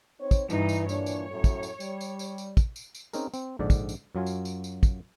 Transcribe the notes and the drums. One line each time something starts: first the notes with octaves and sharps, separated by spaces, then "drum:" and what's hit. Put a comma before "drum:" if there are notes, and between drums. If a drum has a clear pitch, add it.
C4 D#4 C#5
drum: kick, tambourine
G2 E3 D#4, drum: tambourine
drum: tambourine
A#2 E3 D4 C#5, drum: tambourine
drum: tambourine
F#2 A2
drum: kick, tambourine
drum: tambourine
G3, drum: tambourine
drum: tambourine
drum: tambourine
drum: tambourine
drum: kick, tambourine
drum: tambourine
drum: tambourine
C4 C#4 D#4 G#4 A#4, drum: tambourine
C4, drum: tambourine
A#1 G#2 D3 D5
drum: kick, tambourine
drum: tambourine
F#2 F#3 F4 G#5
drum: tambourine
drum: tambourine
drum: tambourine
drum: kick, tambourine